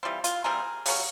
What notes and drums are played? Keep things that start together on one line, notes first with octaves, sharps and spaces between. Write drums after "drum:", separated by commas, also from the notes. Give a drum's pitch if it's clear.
E3 G3 C4 F4
F4, drum: hi-hat
E3 G3 C4 G#4 A#4
C#3 F#3 A3 C#4, drum: open hi-hat